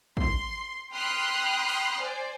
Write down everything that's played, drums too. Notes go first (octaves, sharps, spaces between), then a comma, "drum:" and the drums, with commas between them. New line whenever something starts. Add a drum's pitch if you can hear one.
C6, drum: kick
G5 B5 C6 D#6 F6 F#6
drum: open hi-hat
C5 D5 G#5